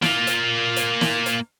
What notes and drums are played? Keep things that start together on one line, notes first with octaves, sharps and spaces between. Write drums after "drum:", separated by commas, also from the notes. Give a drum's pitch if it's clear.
A#3 F4, drum: snare
drum: hi-hat
drum: hi-hat
drum: snare
drum: hi-hat